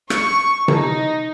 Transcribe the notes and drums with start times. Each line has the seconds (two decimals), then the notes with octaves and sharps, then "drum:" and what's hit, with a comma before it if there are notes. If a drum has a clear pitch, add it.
0.10 C#6, drum: rim click
0.68 D#4, drum: tom C3